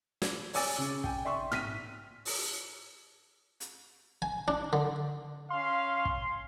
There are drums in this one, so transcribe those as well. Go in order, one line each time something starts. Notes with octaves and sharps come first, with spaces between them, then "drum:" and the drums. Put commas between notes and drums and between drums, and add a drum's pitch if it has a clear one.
G#6, drum: snare
C#5 D5 G#5 D6 E6 A6, drum: open hi-hat
C#3
G5 G#5, drum: kick
D5 E5 C6 C#6
F6 B6 D#7, drum: tom
drum: open hi-hat
drum: hi-hat
G#5
D4
D3
C#4 F5 C6
drum: kick